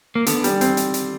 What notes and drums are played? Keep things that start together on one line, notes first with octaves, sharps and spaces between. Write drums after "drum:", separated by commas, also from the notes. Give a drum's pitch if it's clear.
A#3
D3 B3, drum: hi-hat
G3, drum: hi-hat
C4, drum: hi-hat
drum: hi-hat
drum: hi-hat